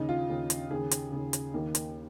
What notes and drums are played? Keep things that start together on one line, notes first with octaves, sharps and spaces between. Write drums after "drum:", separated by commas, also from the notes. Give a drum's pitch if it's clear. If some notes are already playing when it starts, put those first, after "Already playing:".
Already playing: D#2 C#3 D#4
F4
D#2 C#3
drum: hi-hat
D#2 C#3 G#4
drum: hi-hat
D#2 C#3
drum: hi-hat
D#2 D#3 A#3
drum: hi-hat